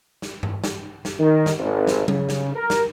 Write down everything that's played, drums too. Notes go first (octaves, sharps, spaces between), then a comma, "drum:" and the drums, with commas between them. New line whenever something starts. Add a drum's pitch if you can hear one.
drum: snare
drum: tom G2
drum: snare
drum: snare
D#3
drum: snare
G#1
drum: snare
C#3, drum: tom F#3
drum: snare
A#4
drum: snare